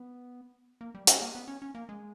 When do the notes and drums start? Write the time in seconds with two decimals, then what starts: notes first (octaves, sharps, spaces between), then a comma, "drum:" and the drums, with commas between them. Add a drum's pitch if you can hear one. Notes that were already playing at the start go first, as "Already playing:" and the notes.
Already playing: B3
0.81 A#3
0.95 G3
1.07 C#4, drum: hi-hat
1.21 A#3
1.35 B3
1.48 C#4
1.62 C#4
1.75 A#3
1.89 G#3